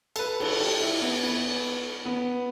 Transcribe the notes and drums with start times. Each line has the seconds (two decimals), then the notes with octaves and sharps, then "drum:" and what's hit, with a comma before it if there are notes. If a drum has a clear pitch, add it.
0.16 A4, drum: cymbal
0.19 B4
0.40 A4, drum: cymbal
0.60 G4
0.81 E4
1.02 B3
1.23 B3
2.05 B3